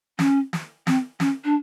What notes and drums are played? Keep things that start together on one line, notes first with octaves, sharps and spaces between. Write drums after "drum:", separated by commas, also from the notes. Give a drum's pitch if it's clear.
C#4, drum: snare
drum: snare
C4, drum: snare
C#4, drum: snare
D4